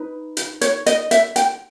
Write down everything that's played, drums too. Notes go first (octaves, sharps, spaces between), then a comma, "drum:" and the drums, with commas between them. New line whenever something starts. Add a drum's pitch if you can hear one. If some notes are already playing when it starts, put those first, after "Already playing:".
Already playing: D#4 B4
drum: hi-hat
C#5, drum: hi-hat
D#5, drum: hi-hat
E5, drum: hi-hat
G5, drum: hi-hat